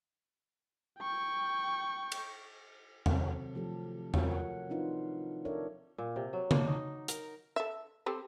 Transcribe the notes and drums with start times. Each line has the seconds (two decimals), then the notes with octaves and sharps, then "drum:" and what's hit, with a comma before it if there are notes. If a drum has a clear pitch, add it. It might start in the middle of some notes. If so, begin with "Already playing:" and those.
0.99 G5 C#6
2.12 drum: cymbal
3.06 C3 D#3 F#3 C4 A4, drum: tom E2
3.55 F3 A3 G4 A4
4.14 F4 F#4 A#4 C#5 F#5, drum: tom E2
4.31 F#5
4.70 C4 D4 D#4 F4 B4
5.45 D4 A4 A#4 C#5 D5 E5
5.98 A#2
6.16 C3
6.33 F#3
6.51 D4, drum: tom C#3
6.68 D#4
7.08 A#4, drum: hi-hat
7.56 A4 E5
8.06 C4 G4 A4